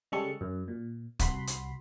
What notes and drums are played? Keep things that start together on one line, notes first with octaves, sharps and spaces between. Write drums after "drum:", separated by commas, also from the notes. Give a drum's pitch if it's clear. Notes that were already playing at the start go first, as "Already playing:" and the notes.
C#3 G3 G#3 A4 C#6
F#2
A#2
C2 F#4 B5 C6, drum: kick, hi-hat
drum: hi-hat